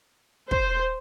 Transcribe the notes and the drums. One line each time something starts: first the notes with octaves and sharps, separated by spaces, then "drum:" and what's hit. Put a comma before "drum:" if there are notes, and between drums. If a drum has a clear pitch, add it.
C5, drum: kick